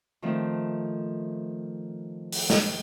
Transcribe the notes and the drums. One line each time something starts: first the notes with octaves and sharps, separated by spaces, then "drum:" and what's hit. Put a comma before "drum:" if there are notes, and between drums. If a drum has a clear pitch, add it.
D#3 F3 A3 C4
drum: open hi-hat
drum: snare